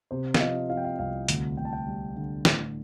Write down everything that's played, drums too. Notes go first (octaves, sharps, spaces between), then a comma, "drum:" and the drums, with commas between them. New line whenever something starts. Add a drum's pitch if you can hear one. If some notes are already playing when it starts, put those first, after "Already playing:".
C3 C5
F5, drum: snare
F3 D#5
F3 F5
G5
F5
C2 F5
D2, drum: hi-hat
D2 G5
A5
G5
G3
D3
A2, drum: snare